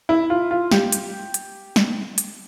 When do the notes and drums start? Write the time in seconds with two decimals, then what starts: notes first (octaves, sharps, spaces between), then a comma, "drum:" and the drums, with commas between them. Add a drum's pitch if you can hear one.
0.09 E4
0.30 F4
0.51 F4
0.71 G4, drum: snare
0.92 drum: hi-hat
1.34 drum: hi-hat
1.76 drum: snare
2.18 drum: hi-hat